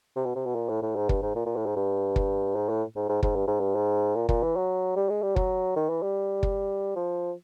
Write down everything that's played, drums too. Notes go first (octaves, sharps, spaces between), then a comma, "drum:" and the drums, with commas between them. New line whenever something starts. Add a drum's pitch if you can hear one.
C3
B2
C3
B2
A#2
A2
A2
G#2
G2, drum: kick
G#2
A#2
A#2
A2
G#2
G2
drum: kick
G#2
A2
G#2
G#2
G#2, drum: kick
G2
G#2
G2
G#2
A#2
A#2, drum: kick
E3
F#3
G3
G#3
G3
F#3, drum: kick
D#3
E3
G3
drum: kick
F3